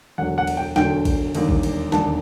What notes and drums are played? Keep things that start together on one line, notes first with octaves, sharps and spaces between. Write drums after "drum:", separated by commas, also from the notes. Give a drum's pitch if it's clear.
E1 D2 D3 F#3 F#5
F#5
drum: cymbal
G5
E1 D2 D3 F#3 G5, drum: snare
drum: kick A#1, cymbal
E1 D#2 D3 G3, drum: cymbal
drum: kick A#1
drum: cymbal
E1 D#2 D3 G3 A5, drum: snare